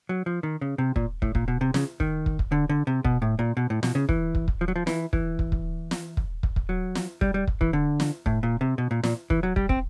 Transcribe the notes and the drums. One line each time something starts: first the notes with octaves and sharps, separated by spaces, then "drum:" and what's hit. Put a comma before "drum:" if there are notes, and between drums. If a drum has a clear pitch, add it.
F#3
F3
D#3
C#3
C3
A#2, drum: kick
A2, drum: kick
A#2, drum: kick
B2
C3
C#3, drum: snare
D#3, drum: kick
drum: kick
drum: kick
D3
D3
C3
B2, drum: kick
A2
A#2
B2
A2
B2, drum: snare
C#3
E3, drum: kick
drum: kick
drum: kick
F3
F#3
F3
E3, drum: snare
E3, drum: kick
drum: kick
drum: kick
drum: snare
drum: kick
drum: kick
drum: kick
F#3
drum: snare
G3, drum: kick
G3
drum: kick
E3, drum: kick
D3
drum: snare
A2, drum: kick
A#2
C3
B2
A#2
A#2, drum: snare
E3, drum: kick
F#3
G3, drum: kick
C4, drum: kick